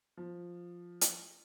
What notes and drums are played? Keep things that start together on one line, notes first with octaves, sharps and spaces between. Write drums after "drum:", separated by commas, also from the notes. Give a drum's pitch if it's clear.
F3
drum: hi-hat